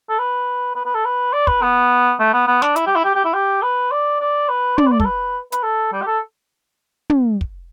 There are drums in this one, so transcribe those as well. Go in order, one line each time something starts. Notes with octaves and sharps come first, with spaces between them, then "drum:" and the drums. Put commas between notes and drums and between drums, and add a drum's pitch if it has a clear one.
A4
B4
B4
B4
A4
B4
D5
B4, drum: kick
B3
A3
B3
B3
D4, drum: snare
E4, drum: hi-hat
G4
E4
G4
G4
E4
G4
B4
D5
D5
B4
D5, drum: tom
B4
D5
A4, drum: kick
B4
B4, drum: hi-hat
A4
G3
G4
A4
drum: tom
drum: kick